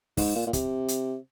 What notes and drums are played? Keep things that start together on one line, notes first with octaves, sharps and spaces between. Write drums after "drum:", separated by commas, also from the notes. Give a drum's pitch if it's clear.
G#2, drum: kick, open hi-hat
A#2
A#2
C3, drum: kick, hi-hat
drum: hi-hat